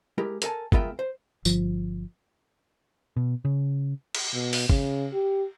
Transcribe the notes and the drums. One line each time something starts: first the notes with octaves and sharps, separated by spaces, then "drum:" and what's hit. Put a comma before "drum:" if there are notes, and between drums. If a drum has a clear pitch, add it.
G#3 E4 G4 A#4
A4 A#4 D5 G#5 A5, drum: hi-hat
G#3 B3 F4 A#4 E5 G5, drum: kick G1
C5
G1 F3, drum: tambourine
B2
C#3
drum: cymbal
B2
drum: open hi-hat
C#3, drum: kick G1
G4